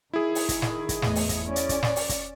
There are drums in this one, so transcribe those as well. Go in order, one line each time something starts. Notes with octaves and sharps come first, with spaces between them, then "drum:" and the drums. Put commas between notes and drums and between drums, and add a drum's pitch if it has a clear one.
D#3 E4 G#4
drum: open hi-hat
drum: kick, hi-hat
drum: snare
drum: kick, hi-hat
E2 A2 D#5, drum: snare
drum: open hi-hat
drum: kick, hi-hat
C#4 D5
drum: hi-hat
drum: kick, hi-hat
drum: snare
drum: open hi-hat
drum: kick, hi-hat